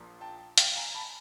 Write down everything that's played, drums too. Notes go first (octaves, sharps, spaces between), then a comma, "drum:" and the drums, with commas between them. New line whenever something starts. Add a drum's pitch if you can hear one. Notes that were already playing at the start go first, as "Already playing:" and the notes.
Already playing: A#1 A#2 F3
G5 A5
F5 G5, drum: hi-hat
G#5 A#5
A5 B5